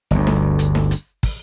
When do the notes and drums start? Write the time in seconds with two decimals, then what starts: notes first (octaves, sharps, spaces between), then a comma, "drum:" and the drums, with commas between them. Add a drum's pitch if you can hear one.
0.11 G1 D2
0.27 drum: snare D#4
0.59 drum: hi-hat
0.75 drum: snare D#4
0.91 drum: hi-hat
1.23 drum: kick, open hi-hat